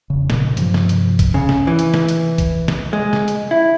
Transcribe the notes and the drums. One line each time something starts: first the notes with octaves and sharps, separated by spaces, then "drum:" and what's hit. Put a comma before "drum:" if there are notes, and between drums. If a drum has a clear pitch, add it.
E1 C#3
A#2 C#3 F#3, drum: snare
G2 C3 F3, drum: hi-hat
drum: snare
drum: hi-hat
drum: kick, hi-hat
C#3
drum: snare
E3
drum: hi-hat
drum: snare
drum: hi-hat
drum: kick, hi-hat
drum: snare
G#3
drum: snare
drum: hi-hat
E4